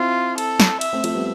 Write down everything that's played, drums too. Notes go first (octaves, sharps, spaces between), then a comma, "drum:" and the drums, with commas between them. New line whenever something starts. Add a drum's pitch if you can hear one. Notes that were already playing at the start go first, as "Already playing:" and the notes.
Already playing: C4 E4 F4
A4, drum: cymbal
drum: snare
E5, drum: cymbal
A3 C4
F3 A3, drum: cymbal
G3 B3